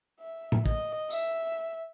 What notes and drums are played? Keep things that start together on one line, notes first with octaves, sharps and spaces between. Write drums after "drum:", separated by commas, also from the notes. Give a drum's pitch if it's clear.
E5
drum: tom
D#5, drum: kick
E5, drum: tambourine